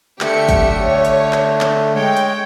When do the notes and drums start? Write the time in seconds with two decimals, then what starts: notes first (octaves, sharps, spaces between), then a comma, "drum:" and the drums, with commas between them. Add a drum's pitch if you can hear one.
0.21 D3 A3 G4 E5 C#7, drum: clap
0.49 drum: kick, hi-hat
0.84 C#5
1.05 drum: hi-hat
1.33 drum: clap
1.61 drum: clap
1.95 G#3 C#5 G5
2.17 drum: hi-hat